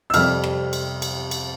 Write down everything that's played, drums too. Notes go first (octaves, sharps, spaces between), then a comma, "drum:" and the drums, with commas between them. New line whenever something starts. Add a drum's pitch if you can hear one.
E6
F2 C3 G3 F6, drum: cymbal
drum: rim click
drum: cymbal
drum: cymbal
drum: cymbal